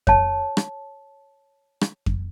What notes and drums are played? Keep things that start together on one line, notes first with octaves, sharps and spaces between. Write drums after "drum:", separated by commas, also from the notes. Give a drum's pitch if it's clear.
C#5 A5, drum: kick F2
drum: rim click
drum: rim click
drum: kick F2